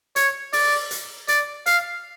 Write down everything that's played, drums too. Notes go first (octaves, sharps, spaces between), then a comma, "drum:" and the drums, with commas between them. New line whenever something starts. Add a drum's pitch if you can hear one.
C#5, drum: hi-hat
D5, drum: open hi-hat
drum: hi-hat
D5, drum: hi-hat
F5, drum: hi-hat